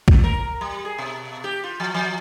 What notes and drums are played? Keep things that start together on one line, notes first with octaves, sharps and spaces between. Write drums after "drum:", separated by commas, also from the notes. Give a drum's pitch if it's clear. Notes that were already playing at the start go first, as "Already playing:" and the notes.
drum: kick
A#4
G3
G#4
B2
G4
F4
F3
F3